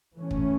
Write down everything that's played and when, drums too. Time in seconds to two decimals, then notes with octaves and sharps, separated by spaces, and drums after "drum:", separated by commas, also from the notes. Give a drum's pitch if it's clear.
0.15 E3 A3 C#4
0.31 drum: kick